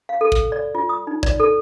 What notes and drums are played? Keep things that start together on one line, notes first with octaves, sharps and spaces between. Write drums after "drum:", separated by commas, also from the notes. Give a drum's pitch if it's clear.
F5
A4
drum: kick
D5
F4
D#6
D#4
D5, drum: kick
A4